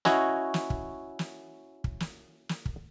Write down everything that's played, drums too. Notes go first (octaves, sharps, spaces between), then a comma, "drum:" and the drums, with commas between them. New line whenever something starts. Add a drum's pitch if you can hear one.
C#4 E4 F#4 C#5 D#5, drum: snare
drum: snare
drum: kick
drum: snare
drum: kick
drum: snare
drum: snare
drum: kick